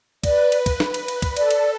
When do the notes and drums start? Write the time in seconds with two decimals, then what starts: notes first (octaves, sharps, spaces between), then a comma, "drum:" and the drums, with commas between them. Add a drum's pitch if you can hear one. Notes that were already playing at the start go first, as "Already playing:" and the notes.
0.24 B4 D5, drum: kick, cymbal
0.52 drum: cymbal
0.66 drum: kick, cymbal
0.80 drum: snare
0.94 drum: cymbal
1.08 drum: cymbal
1.22 drum: kick, cymbal
1.36 A4 D5, drum: cymbal
1.51 drum: cymbal